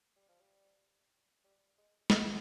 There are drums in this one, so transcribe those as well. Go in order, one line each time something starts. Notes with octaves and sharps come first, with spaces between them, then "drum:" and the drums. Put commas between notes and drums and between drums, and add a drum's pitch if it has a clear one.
G3
F3
G3
G3
G#3
C4, drum: snare